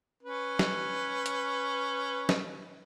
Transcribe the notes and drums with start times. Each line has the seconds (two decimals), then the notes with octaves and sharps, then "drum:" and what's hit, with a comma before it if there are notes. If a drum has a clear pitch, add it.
0.23 C#4 B4
0.59 drum: snare
1.26 drum: hi-hat
2.29 drum: snare